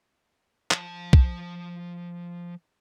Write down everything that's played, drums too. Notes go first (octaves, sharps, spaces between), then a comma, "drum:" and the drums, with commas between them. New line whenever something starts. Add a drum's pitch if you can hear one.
F3 A5, drum: clap
drum: kick